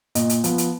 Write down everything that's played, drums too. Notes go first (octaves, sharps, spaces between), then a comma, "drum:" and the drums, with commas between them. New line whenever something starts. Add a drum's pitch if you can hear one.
A#2 D#5, drum: hi-hat
drum: hi-hat
F3 B3, drum: hi-hat
drum: hi-hat